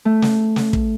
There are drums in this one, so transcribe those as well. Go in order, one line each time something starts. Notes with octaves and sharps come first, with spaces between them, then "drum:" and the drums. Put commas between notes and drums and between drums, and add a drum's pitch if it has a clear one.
A3
drum: snare
drum: snare
drum: kick